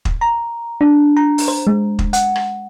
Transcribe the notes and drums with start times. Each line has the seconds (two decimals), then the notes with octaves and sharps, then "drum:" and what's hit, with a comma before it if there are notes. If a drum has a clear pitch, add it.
0.05 drum: kick
0.21 A#5
0.81 D4
1.17 A#5
1.38 drum: open hi-hat
1.48 C5
1.67 G#3
1.99 drum: kick
2.13 F#5, drum: hi-hat
2.36 drum: rim click